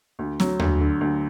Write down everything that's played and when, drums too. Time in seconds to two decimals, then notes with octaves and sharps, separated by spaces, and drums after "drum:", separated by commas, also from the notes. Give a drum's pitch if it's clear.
0.19 D2
0.40 F#3, drum: snare C4
0.59 D2, drum: tom D#2
0.80 D3
1.01 D2